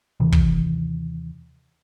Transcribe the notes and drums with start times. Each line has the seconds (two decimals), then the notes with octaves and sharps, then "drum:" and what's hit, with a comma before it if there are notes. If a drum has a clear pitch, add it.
0.20 D#2 C3 E3
0.32 drum: kick